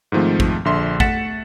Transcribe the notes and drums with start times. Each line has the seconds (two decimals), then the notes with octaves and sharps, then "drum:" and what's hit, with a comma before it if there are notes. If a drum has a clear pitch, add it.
0.12 G#2 D#3 F3 A3 C4
0.40 drum: kick
0.65 A#1 D3 E5 C6
1.00 A3 F#5 A6 B6 C#7 E7, drum: kick